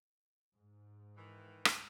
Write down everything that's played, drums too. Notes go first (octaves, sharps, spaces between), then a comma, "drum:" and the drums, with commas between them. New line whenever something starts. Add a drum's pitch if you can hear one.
G#2
D#3 E3
drum: rim click